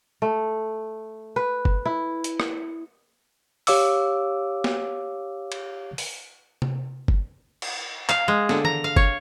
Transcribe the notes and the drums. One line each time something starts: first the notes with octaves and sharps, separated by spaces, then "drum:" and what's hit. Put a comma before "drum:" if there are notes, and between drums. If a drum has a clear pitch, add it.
A3
B4
drum: kick G1
E4
drum: hi-hat
drum: rim click
G4 C#5 F5 D6 E6, drum: open hi-hat
drum: snare
drum: cymbal
drum: open hi-hat
drum: tom C3
drum: kick G1
drum: cymbal
F5, drum: clap
G#3
D3, drum: snare
A#5, drum: tom D#3
F5
C#5, drum: kick G1